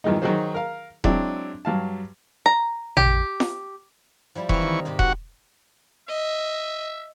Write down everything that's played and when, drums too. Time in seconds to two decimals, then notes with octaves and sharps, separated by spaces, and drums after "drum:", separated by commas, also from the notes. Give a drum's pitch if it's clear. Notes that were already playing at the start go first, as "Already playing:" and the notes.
0.04 E2 G2 D#3 F3 G#3 D#4
0.22 D#3 F#3 D#4 F#4 G#4 C5
0.54 A#4 F5
1.04 F#3 G#3 C4 D4 E4, drum: kick E1
1.65 G2 F#3 F5 A5
2.46 A#5
2.97 G4, drum: tom A1
3.40 drum: snare F4
4.35 F3 G3 E4
4.49 E3 C4 A#4 C#6, drum: kick E1
4.62 D#3
4.85 G#2 C3 G4
4.99 F#4 F#5, drum: kick E1
6.08 D#5 E5